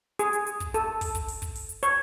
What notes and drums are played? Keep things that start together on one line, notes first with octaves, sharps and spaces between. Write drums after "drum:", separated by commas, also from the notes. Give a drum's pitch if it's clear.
G#4, drum: hi-hat
drum: hi-hat
drum: hi-hat
drum: kick, hi-hat
A4, drum: hi-hat
drum: kick, open hi-hat
drum: kick, hi-hat
drum: open hi-hat
drum: kick, hi-hat
drum: open hi-hat
drum: hi-hat
C#5, drum: hi-hat